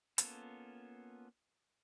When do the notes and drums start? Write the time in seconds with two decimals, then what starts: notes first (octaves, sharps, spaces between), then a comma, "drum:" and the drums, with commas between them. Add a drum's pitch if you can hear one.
0.18 A#3 B3 C#4 F4 A4, drum: hi-hat